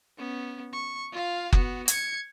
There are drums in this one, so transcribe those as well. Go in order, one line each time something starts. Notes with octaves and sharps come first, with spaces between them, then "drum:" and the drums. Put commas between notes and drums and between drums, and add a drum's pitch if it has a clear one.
B3 C#4
C#6
F4 F5
B3 F#4, drum: kick F#1
G#6 C#7, drum: hi-hat